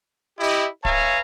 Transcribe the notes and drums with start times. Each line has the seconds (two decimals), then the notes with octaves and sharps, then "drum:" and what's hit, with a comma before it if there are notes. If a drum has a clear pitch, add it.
0.40 E4 G4 D#5
0.85 B4 C#5 E5 F5 G#5 A#5, drum: kick